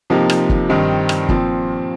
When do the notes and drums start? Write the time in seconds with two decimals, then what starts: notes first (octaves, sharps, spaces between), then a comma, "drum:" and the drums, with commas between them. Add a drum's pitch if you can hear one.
0.10 C3 F3 A#3 D#4 G4
0.30 drum: rim click
0.49 drum: kick
0.69 G2 D#3 C4 D#4 G4
1.09 drum: rim click
1.29 A#2 F3 C4, drum: kick